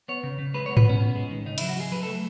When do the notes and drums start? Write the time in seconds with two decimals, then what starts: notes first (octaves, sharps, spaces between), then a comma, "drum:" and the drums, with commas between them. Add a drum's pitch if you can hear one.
0.08 B3 C#5
0.23 C#3
0.39 C#3
0.54 G#3 B4
0.66 B3 C#5
0.77 B4, drum: tom G#2
0.85 B3 C#4
1.00 B3
1.15 G#3
1.30 D#3
1.46 C#3 D#4
1.58 F#3 E4, drum: cymbal
1.69 F#4
1.76 F#3 G#4
1.92 F#3 B4
2.03 A3 A4